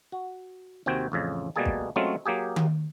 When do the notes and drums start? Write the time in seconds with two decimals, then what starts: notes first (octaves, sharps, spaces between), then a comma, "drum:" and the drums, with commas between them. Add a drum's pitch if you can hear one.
0.12 F#4
0.86 D#2 C3 C4 F#4 G5 G#5
1.12 A1 F2 C#3
1.56 B2 G3 A3 A#3 G#4 A5
1.66 drum: kick
1.96 F#3 G#3 A3 C4 C#4 F4
2.26 F#3 A#3 G4 G#4
2.56 drum: tom D#3